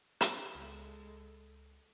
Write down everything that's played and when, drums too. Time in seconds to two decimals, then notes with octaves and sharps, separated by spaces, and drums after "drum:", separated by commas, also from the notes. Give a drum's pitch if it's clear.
0.21 drum: hi-hat
0.55 C#2 G#3 A4